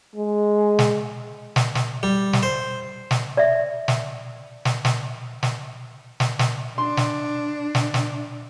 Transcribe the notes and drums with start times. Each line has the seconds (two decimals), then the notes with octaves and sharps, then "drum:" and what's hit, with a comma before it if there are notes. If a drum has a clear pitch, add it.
0.15 G#3
0.79 drum: snare
1.56 drum: snare
1.75 drum: snare
2.03 G3
2.33 drum: snare
2.43 C5
3.11 drum: snare
3.37 D5 E5
3.88 drum: snare
4.65 drum: snare
4.85 drum: snare
5.43 drum: snare
6.20 drum: snare
6.39 drum: snare
6.78 D4 C6
6.97 drum: snare
7.75 drum: snare
7.94 drum: snare